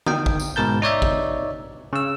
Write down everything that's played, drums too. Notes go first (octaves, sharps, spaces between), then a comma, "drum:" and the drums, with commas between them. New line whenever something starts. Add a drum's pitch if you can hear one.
D#3 G5, drum: tom D3
drum: kick A1
drum: tambourine
G#2 B2 A#4 A5 G6
D#4 C#5 D5 E5
drum: kick A1
C#3 E6